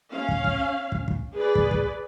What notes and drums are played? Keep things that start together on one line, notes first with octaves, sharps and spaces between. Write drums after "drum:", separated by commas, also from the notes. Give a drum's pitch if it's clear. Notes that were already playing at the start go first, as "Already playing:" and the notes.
C#4 F5
drum: kick
drum: kick
drum: kick
drum: kick
G#4 B4 D5
drum: kick
drum: kick